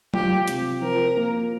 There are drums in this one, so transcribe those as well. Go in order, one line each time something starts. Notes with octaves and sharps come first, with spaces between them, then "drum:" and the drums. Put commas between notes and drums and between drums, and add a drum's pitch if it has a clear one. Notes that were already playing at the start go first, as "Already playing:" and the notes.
F4 G4, drum: tom F#3
C3, drum: hi-hat
F3 A#4
A#3